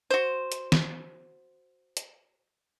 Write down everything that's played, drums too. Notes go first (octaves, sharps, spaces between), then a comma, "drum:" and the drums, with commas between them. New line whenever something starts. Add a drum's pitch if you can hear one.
F#4 C5
drum: hi-hat
drum: snare
drum: hi-hat